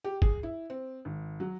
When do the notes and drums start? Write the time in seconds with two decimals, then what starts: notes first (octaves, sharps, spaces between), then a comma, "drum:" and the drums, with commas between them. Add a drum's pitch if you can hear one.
0.04 G4
0.22 G#4, drum: kick
0.43 E4
0.70 C4
1.05 G#1
1.40 F#3